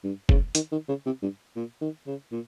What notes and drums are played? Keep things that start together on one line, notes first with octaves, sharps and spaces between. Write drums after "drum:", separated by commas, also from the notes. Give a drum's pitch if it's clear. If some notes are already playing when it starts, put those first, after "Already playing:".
G2
C#3, drum: kick
D#3, drum: hi-hat
D#3
C#3
C3
G2
A#2
D#3
C#3
A#2